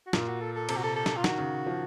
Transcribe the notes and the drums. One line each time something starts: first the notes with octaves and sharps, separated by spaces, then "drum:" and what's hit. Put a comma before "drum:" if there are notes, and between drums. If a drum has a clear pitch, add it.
F#4
A#2 F4, drum: snare
F#4
A4
A4
C3 A4, drum: cymbal
F#4
A4
A4
drum: snare
F4
D#3 F#4, drum: snare
C#3
F3